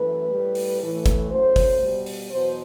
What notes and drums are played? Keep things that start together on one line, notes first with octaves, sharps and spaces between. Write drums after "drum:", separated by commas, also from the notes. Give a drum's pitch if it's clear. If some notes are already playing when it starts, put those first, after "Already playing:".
Already playing: F#2 E3 A3 B4
A2 G3
drum: open hi-hat
A2 E3 A3
drum: kick, hi-hat
F#2 F#3 A3 C5
drum: kick, open hi-hat
B2 G3
drum: open hi-hat
E2 B2 F#3 C5